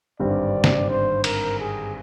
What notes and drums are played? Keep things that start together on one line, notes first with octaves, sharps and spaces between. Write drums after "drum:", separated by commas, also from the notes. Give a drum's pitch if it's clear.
G#1 G2 D3 G3 C4 D5
drum: snare
C5
A#4, drum: cymbal
G#4